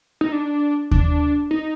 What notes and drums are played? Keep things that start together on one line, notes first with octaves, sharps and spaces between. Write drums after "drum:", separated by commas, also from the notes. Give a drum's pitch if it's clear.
D#4
D4
D4, drum: kick D#2
D#4